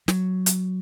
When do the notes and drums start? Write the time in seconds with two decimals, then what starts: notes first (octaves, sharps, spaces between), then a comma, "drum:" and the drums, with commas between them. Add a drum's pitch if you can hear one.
0.08 F#3, drum: snare
0.46 drum: hi-hat